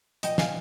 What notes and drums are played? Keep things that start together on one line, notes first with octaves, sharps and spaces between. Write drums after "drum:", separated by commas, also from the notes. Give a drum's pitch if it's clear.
A#2 F3 D#5 G5, drum: hi-hat
F5 G#5, drum: snare